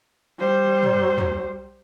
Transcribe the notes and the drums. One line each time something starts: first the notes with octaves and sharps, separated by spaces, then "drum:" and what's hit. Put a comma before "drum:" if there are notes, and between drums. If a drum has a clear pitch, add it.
G3 C5
drum: tom
drum: tom